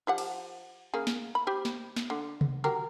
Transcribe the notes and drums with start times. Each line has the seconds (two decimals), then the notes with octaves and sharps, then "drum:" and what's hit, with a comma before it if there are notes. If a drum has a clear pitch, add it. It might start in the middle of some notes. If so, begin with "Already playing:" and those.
0.07 F3 G4 F#5
0.18 drum: cymbal
0.94 C#3 A#3 G#4
1.07 drum: snare
1.35 B5
1.47 G4 C5
1.65 drum: snare
1.96 drum: snare
2.10 D3
2.41 drum: tom C3
2.64 F#3 G4 A#4